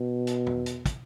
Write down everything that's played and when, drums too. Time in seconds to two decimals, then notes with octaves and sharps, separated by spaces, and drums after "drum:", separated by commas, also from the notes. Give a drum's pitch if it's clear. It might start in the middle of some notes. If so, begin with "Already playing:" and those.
Already playing: B2
0.27 drum: hi-hat
0.46 drum: tom E2
0.66 drum: hi-hat
0.86 drum: kick, hi-hat